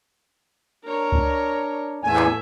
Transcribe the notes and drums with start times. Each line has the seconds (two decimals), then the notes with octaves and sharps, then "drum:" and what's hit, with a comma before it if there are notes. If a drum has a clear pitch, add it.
0.85 D4 A#4 C#5
1.12 drum: kick C#2
2.04 E2 A2 A3 E5 G#5
2.16 drum: clap